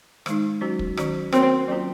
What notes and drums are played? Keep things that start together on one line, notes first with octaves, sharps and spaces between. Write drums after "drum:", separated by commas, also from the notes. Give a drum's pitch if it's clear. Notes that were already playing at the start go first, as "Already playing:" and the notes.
D#3 G#3 D#4, drum: rim click
F#3 C#4 F#4 C5
drum: kick
D#3 F#3 C#4 F#4, drum: rim click
A#3 C4 C#4 F#4 A#4 C#5, drum: rim click
F#3 A#3 C#4 F4